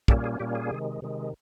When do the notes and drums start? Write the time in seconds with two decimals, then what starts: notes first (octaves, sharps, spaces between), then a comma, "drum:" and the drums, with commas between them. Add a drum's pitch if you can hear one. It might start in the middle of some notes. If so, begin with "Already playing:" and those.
0.08 A#2 G3 A#3 C#4 G4 A4, drum: kick
0.24 G#4
0.39 A#2 G3 A#3 C#4 G4
0.55 G#4
0.71 C3 D#3 G#3
1.02 C3 D#3 G#3